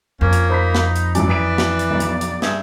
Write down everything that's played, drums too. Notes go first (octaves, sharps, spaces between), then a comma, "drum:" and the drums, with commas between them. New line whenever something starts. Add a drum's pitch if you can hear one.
F2 A#3 C#4
drum: hi-hat
D#4 C5 B5 B6
drum: snare
drum: hi-hat
A1 F#2 A2 D5, drum: hi-hat
E3 D#6 B6 D7
drum: snare
drum: hi-hat
B1
drum: hi-hat
drum: hi-hat
G2 G#4 E5, drum: snare